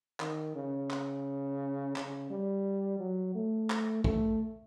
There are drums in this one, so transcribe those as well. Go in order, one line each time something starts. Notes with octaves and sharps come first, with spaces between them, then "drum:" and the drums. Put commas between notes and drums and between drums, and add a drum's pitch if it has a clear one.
D#3, drum: clap
C#3
drum: clap
C#3, drum: clap
G3
F#3
A3
drum: clap
A3, drum: kick